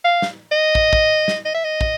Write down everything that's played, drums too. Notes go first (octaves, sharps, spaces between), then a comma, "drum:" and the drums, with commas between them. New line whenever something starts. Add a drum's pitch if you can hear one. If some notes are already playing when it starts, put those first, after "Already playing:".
F5
drum: snare
D#5
drum: kick
drum: kick
drum: snare
D#5
E5
D#5
drum: kick